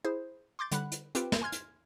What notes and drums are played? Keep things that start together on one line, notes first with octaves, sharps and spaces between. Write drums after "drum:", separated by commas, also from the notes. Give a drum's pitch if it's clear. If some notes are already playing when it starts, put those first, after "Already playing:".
E4 G#4 C5
C6 D6 G6 A6
D3 G3 F#5 B5 F#6, drum: hi-hat
drum: hi-hat
C4 F4 G4 B4 G5, drum: hi-hat
drum: snare
G#5 C6 F6 G#6
drum: hi-hat